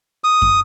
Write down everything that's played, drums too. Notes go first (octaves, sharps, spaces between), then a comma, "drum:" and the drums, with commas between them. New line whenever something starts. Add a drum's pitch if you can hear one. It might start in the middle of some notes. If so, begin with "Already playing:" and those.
D#6
drum: kick